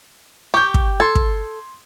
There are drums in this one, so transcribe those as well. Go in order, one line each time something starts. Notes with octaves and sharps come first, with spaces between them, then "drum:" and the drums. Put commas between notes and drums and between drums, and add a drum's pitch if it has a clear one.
G4 C#6 G6
drum: kick
A4 C6 G#6
drum: kick